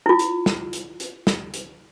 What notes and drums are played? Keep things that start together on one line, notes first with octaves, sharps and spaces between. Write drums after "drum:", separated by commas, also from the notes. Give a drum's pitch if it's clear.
E4 F4
drum: hi-hat
drum: snare
drum: hi-hat
drum: hi-hat
drum: snare
drum: hi-hat